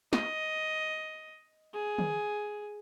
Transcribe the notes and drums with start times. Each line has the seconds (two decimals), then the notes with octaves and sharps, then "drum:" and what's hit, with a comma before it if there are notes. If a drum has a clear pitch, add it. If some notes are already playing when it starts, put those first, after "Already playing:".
0.13 D#5, drum: snare
1.74 G#4
1.98 drum: tom